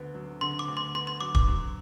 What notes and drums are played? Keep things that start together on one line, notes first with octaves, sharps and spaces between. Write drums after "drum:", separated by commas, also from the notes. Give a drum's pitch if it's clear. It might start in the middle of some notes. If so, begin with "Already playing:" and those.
Already playing: D2 D3 B3
F#3
D3 C6
D6
D2
C6
B3 C6
C6
F#3 D6
D6, drum: kick
F#3